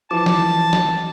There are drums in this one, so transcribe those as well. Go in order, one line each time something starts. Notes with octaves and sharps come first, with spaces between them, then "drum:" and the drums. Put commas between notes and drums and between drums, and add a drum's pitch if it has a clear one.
E3 F3 A5 D6
drum: snare
drum: snare